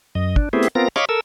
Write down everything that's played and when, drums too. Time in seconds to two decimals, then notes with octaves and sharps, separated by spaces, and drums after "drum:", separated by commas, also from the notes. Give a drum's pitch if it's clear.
0.15 F#2 D#5
0.36 D4, drum: kick
0.53 A3 B3 C4 E4 G4 G#4
0.63 drum: hi-hat
0.75 B3 C4 F4 A#4 A#6
0.96 C#5 D#5 F5 B5 C#6 D6, drum: rim click
1.09 A4 A#4 E6